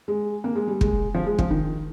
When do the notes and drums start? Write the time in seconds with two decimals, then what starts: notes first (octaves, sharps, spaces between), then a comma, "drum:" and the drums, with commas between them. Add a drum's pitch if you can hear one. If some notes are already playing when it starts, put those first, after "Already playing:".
0.08 G#3
0.44 A#3
0.56 G#3
0.68 G3
0.81 G#3, drum: kick
1.14 F3
1.26 G#3
1.39 F3, drum: kick
1.50 D#3